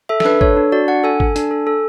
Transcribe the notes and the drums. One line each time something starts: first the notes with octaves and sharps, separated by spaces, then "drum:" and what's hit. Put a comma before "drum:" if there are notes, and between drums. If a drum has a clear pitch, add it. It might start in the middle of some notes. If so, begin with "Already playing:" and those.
A4 E5
A4, drum: snare
D4 B4
A4 C#5, drum: kick
D4
F#4 D5
D4 F#5
A4 G#5
A4, drum: kick
D4, drum: hi-hat
A4
A4